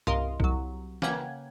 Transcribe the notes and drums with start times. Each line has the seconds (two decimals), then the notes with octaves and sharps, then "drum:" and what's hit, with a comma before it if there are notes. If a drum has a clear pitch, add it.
0.07 C2 A#4 D#5 F5 C6, drum: tom
0.40 C2 F#3, drum: kick B1
1.02 C#3 A#3 B4 F#5 G5 G#6, drum: snare